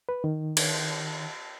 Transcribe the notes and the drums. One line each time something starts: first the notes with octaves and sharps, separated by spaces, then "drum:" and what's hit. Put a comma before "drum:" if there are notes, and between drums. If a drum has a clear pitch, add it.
B4
D#3
drum: cymbal